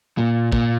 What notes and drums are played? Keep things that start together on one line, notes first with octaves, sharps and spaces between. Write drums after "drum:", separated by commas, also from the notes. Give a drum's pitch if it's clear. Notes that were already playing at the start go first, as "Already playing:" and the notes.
A#2
A#2, drum: kick